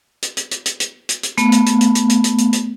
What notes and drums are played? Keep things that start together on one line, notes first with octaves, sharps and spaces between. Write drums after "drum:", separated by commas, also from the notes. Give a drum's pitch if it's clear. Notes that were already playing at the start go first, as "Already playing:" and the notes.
drum: hi-hat
drum: hi-hat
drum: hi-hat
drum: hi-hat
drum: hi-hat
drum: hi-hat
drum: hi-hat
A3 B3, drum: hi-hat
drum: hi-hat
drum: hi-hat
drum: hi-hat
drum: hi-hat
drum: hi-hat
drum: hi-hat
drum: hi-hat
drum: hi-hat